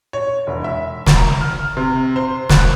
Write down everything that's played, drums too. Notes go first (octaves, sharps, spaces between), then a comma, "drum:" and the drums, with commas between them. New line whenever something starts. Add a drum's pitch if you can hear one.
C#5
E1
E5
drum: snare
A#5
F6
C3
C5
F#6, drum: snare